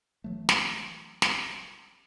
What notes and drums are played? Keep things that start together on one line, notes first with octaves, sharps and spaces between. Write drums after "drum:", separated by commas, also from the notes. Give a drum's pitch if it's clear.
E3 F#3 A3
drum: snare
drum: snare